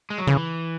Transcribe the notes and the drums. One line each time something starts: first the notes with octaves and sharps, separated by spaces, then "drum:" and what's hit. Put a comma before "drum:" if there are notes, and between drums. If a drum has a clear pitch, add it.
G#3
F#3
C#3 E3, drum: tom C#3